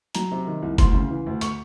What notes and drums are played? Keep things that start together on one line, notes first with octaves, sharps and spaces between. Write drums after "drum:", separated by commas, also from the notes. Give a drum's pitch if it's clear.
F#3 A#5, drum: hi-hat
C3
D#3
C2
D2 C6, drum: kick F#1, hi-hat
C#3
E3
D2
C#6, drum: hi-hat